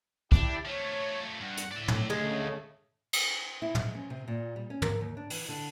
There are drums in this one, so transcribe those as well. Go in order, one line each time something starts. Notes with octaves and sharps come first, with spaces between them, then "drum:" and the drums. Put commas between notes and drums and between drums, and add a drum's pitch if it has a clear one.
D4 E4 G4, drum: kick
F3 A3 C#5
G2 F#5
drum: hi-hat
A2 D5 E5
drum: tom
D2 C#3 G#3 A3
drum: cymbal
E4
G#3, drum: tom
C#4
C3
A#2
G3
C#4
A#4, drum: tom
D#2
D4
E3, drum: open hi-hat
D3